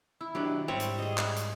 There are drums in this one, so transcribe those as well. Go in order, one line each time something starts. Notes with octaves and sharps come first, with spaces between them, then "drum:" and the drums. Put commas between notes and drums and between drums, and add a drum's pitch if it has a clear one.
E4
D#3 F#3 D4 G4
G#2 G3 C4 C#5 E5 G5
drum: hi-hat
G#4 D#5
drum: clap
drum: hi-hat